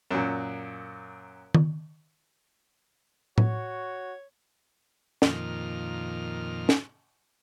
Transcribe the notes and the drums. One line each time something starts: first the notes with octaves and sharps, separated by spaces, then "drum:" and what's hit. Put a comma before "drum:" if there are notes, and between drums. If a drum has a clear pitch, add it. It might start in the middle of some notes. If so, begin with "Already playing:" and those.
F#2 A#2
drum: tom D#3
F#4 C#5, drum: tom A2
F2 A#2 D#3 F6, drum: snare
drum: snare